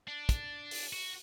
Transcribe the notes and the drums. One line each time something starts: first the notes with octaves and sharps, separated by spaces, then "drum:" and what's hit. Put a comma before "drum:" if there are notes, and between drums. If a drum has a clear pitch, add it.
D4
drum: kick, hi-hat
drum: open hi-hat
F#4